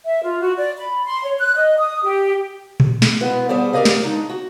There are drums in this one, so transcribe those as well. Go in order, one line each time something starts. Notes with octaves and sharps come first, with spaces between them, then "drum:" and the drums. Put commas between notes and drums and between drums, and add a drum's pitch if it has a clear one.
E5
F4
F#4
D5
B5
C6
C#5
F#6
D#5
D#6
G4
drum: tom A#2
drum: snare
B2 G#3 B3 E4 F#5
G3 G#4 A4 C5 D5
G4 A#4 B4 D5 D#5 F5
drum: snare
G#3 A3 D4 D#4
F#4